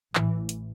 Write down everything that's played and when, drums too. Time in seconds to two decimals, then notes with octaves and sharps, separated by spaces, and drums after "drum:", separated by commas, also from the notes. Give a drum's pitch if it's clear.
0.15 A1 A2 E3, drum: clap
0.49 drum: hi-hat